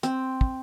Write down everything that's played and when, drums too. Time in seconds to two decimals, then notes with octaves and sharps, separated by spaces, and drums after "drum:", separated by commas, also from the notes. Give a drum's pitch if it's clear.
0.03 C4, drum: hi-hat
0.41 drum: kick